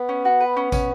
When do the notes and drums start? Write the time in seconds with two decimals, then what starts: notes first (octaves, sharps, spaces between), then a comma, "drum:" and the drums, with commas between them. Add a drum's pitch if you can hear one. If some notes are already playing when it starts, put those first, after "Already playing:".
Already playing: B3
0.09 C#4
0.25 F#4
0.40 B4
0.57 C#4
0.72 C#4, drum: kick, tambourine